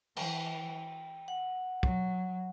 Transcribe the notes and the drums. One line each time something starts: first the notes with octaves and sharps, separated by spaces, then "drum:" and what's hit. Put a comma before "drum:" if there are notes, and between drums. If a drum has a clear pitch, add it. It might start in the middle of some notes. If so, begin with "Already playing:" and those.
E3 G5, drum: cymbal
F#5
F#3, drum: kick